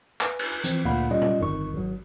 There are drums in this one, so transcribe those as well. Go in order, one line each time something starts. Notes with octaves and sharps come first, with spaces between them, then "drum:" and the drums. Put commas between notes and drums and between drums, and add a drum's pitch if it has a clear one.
B4 G#5, drum: clap
drum: cymbal
E3 F3 C4, drum: hi-hat
D2 A#2 F5 F#5 B5
G3 C#4 F4 D5 D#5
drum: tom
G1 F2 D#3 C#6
G#1 F#3